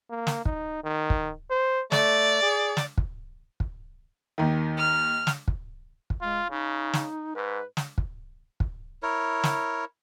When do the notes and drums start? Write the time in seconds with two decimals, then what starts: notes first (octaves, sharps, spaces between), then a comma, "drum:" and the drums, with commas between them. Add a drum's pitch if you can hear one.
0.10 A#3
0.27 drum: snare
0.45 D#4, drum: kick
0.84 D#3
1.10 drum: kick
1.51 C5
1.92 A3 D5, drum: snare
2.42 G#4
2.77 drum: snare
2.98 drum: kick
3.60 drum: kick
4.38 D#2 D#3
4.77 F6
5.27 drum: snare
5.48 drum: kick
6.10 drum: kick
6.21 G#3 F4
6.50 C#3 D#4
6.93 drum: snare
7.35 G#2 B4
7.77 drum: snare
7.98 drum: kick
8.60 drum: kick
9.03 E4 A#4 C#5
9.44 drum: snare